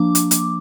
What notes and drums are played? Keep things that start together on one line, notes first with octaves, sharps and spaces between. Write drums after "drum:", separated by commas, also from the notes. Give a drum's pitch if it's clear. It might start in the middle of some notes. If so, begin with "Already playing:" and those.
Already playing: F3 A#3 D4 D6
drum: hi-hat
drum: hi-hat